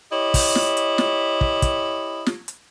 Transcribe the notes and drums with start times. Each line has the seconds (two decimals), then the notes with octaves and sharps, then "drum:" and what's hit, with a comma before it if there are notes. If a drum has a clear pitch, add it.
0.13 E4 G4 C#5 D#5
0.34 drum: kick, open hi-hat
0.55 drum: snare
0.77 drum: hi-hat
0.98 drum: snare
1.41 drum: kick
1.62 drum: kick, hi-hat
2.26 drum: snare
2.48 drum: hi-hat